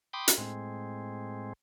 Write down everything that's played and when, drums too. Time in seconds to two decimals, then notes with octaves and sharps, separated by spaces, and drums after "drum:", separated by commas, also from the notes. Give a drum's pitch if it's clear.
0.13 G5 B5 C6 D6 D#6
0.28 drum: hi-hat
0.38 A2 G#3 C4